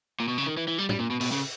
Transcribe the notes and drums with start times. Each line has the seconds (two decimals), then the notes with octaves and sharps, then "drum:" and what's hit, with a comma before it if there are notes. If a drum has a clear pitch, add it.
0.20 A#2
0.28 B2
0.38 C#3
0.46 D#3
0.57 E3
0.68 E3
0.78 G3
0.89 G3, drum: tom A2
0.99 A#2
1.10 B2
1.21 B2, drum: open hi-hat
1.32 C#3